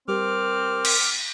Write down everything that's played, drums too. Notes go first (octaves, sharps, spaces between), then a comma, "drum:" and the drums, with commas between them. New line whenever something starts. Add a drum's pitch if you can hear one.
G3 C4 G4 A#4 C5 D6 F6
drum: cymbal